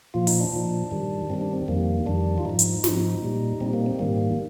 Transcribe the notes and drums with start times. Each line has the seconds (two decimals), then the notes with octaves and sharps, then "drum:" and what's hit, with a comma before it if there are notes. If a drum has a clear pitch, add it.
0.14 A#2 F3 F4
0.27 D#4, drum: open hi-hat
0.40 D4
0.53 A#2 F3
0.91 G2 D#3 G3
1.30 G2 D#3 G3 C4
1.41 D4
1.53 C4
1.68 F2 D#3 G3 A#3
2.06 F2 D#3 G3 D4
2.38 F4
2.45 G#2 F3 D#4
2.59 drum: hi-hat
2.84 G#2 F3, drum: snare
3.22 A#2 G3
3.61 A#2 G3 C4
3.73 A#3
3.86 C4
3.99 G#2 D#3 G3 A#3